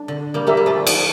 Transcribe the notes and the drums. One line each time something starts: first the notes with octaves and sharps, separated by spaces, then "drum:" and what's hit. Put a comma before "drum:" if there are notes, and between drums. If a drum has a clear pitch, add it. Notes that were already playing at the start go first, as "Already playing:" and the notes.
Already playing: D4
D3
G3 A#3
G3 A#3 G4 A#4 E5
G3
F3 A3
F3, drum: cymbal